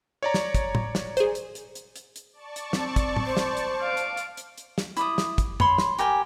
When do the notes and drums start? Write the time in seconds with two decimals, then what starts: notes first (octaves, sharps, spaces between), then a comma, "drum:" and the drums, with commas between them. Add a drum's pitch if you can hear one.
0.23 C#5 D5 A#5
0.34 drum: snare
0.55 drum: kick, hi-hat
0.75 drum: tom A2
0.95 drum: snare
1.17 G#4 C5, drum: hi-hat
1.35 drum: hi-hat
1.55 drum: hi-hat
1.75 drum: hi-hat
1.96 drum: hi-hat
2.16 drum: hi-hat
2.33 D5 A5 C#6
2.56 drum: hi-hat
2.73 C4, drum: snare
2.96 drum: kick, hi-hat
3.16 drum: tom A2
3.26 C5
3.37 drum: snare
3.57 drum: hi-hat
3.82 F5 D7
3.97 drum: hi-hat
4.17 drum: hi-hat
4.37 drum: hi-hat
4.58 drum: hi-hat
4.78 drum: snare
4.97 E4 D5 D#6, drum: hi-hat
5.18 drum: snare
5.38 drum: kick, hi-hat
5.60 C#5 B5 C6, drum: tom F2
5.78 drum: snare
5.99 G4 A#4 G5 G#5, drum: hi-hat